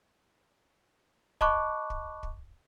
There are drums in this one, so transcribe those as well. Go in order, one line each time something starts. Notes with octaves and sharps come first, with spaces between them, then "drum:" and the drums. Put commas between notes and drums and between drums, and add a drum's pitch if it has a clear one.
D#5 A5 B5 C#6 D6 F#6, drum: kick
drum: kick
drum: kick